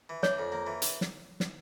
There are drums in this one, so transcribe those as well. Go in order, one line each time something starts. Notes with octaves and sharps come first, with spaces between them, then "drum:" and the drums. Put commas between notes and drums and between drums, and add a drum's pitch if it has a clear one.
E3
D4 C#5, drum: snare
F2
A#3
E3
drum: hi-hat
drum: snare
drum: snare